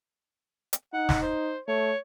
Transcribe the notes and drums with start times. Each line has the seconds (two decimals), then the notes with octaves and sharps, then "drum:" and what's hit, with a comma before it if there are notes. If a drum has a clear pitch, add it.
0.73 drum: hi-hat
0.94 D#4 F#5
1.09 drum: snare
1.22 C5
1.68 A3 C#5